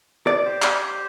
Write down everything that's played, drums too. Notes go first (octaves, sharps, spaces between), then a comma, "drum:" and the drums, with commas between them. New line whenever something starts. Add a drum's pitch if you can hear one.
D5
G4 C5
drum: clap